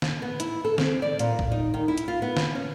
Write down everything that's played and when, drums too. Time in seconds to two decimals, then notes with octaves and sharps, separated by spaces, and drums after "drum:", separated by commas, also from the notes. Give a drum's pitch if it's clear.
0.02 drum: snare
0.22 B3
0.40 E4, drum: hi-hat
0.65 A4
0.78 C4, drum: snare
1.02 D5
1.19 A#2, drum: hi-hat
1.39 drum: kick A#1
1.52 D#4
1.74 D#3
1.88 E4
1.98 drum: hi-hat
2.08 F4
2.22 B3
2.37 drum: snare
2.55 C#4